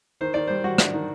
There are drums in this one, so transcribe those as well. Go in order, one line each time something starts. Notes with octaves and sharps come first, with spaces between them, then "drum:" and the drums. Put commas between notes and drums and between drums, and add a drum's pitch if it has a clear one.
D#3 C5
D#3 D5
G3 C5
G3 F#4
D4, drum: rim click
D#3